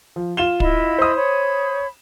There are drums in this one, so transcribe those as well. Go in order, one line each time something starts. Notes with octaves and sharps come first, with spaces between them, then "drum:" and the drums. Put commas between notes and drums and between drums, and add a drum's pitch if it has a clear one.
F3
F4 E7 G7
E4 D#5 B5, drum: kick
C5 D#6
C#5 B5